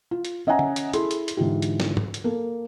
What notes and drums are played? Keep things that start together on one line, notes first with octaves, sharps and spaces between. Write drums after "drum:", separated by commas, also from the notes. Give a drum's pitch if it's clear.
F4
drum: hi-hat
C#4 D#5 E5 F#5 G#5 A#5
drum: tom
drum: hi-hat
E4 G#4 A4 C6, drum: hi-hat
drum: hi-hat
drum: hi-hat
G#2 D3 E3 F4 G4
drum: hi-hat
drum: snare
drum: tom
drum: hi-hat
A#3 A4